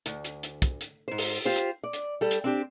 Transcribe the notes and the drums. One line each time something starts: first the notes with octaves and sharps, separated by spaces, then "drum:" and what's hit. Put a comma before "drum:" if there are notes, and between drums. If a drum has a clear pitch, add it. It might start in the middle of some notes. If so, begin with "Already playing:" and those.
D2, drum: hi-hat
drum: hi-hat
drum: hi-hat
drum: kick, hi-hat
drum: hi-hat
G#2 C5
drum: open hi-hat
F4 G4 C5
drum: hi-hat
D5
drum: hi-hat
G3 A4
drum: hi-hat
C4 D4 G4